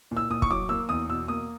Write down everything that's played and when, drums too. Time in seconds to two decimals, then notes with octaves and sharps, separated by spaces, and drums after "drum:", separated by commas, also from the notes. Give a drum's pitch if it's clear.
0.11 A#2
0.17 E6
0.30 A#2 D#6
0.42 C#6, drum: kick
0.51 F#3 D6
0.69 A#3 E6
0.89 E2 D#6
1.09 B2 E6
1.28 A#3 D#6